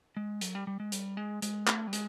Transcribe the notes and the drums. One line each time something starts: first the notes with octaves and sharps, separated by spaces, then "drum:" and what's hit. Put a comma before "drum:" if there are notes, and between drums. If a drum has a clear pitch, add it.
G#3
F#3, drum: hi-hat
G3
G3
G#3
G3, drum: hi-hat
G#3
G#3, drum: hi-hat
A3, drum: clap
G3
G#3, drum: hi-hat